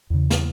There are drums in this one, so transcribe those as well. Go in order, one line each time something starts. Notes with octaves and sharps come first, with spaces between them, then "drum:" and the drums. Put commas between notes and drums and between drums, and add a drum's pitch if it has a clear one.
E2 C#3
drum: snare